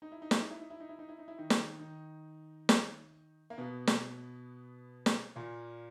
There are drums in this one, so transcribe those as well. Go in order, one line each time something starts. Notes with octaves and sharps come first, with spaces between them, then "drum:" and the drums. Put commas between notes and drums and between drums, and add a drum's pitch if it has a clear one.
D#4
E4
D#4
E4, drum: snare
D#4
E4
D#4
E4
D#4
E4
D#4
E4
D#4
E4
D#3 D#4
drum: snare
D#3 D#4
drum: snare
A#3
B2 B3
drum: snare
drum: snare
A#2 A#3